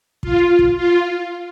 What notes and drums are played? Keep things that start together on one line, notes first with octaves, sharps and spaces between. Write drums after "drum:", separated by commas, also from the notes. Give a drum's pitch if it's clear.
F4, drum: kick
drum: kick
F4